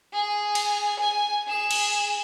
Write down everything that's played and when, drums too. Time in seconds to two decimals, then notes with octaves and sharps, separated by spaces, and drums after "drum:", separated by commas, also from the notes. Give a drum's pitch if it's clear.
0.13 G#4
0.55 drum: cymbal
1.00 G#5
1.47 G#4 E7
1.71 drum: cymbal